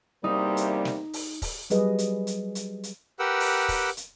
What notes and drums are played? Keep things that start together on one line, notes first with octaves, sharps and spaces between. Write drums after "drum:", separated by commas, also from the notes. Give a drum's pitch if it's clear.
E2 C3 G3 A#3 D#4
drum: hi-hat
drum: snare
drum: open hi-hat
drum: kick, open hi-hat
F#3 G3 G#4 B4 D#5, drum: hi-hat
drum: hi-hat
drum: hi-hat
drum: hi-hat
drum: hi-hat
G4 A#4 B4 F#5 G5 E6
drum: open hi-hat
drum: kick, open hi-hat
drum: hi-hat